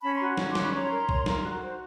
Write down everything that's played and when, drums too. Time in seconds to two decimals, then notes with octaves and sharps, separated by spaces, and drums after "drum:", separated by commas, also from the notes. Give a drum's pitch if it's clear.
0.03 C#4 A5 B5
0.14 A#5 C6
0.20 F#4
0.37 C#4, drum: snare
0.49 C6 D6
0.55 C#4, drum: snare
0.61 B5 C#6
0.73 C#5 A#5 C6
0.91 A#4
1.09 C#5, drum: kick B1
1.26 A#4, drum: snare
1.44 F#4
1.62 C5